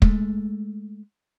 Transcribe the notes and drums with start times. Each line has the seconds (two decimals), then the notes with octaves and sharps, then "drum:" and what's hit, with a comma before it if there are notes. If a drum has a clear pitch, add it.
0.02 G#3 A3, drum: kick